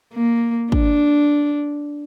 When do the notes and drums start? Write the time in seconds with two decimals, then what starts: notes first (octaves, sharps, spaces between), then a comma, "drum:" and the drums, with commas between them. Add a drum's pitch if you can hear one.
0.14 A#3
0.72 D4, drum: kick